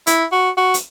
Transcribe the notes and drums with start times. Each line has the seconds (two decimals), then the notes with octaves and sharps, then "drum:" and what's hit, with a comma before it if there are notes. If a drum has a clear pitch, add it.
0.07 E4, drum: hi-hat
0.32 F#4
0.57 F#4
0.74 drum: hi-hat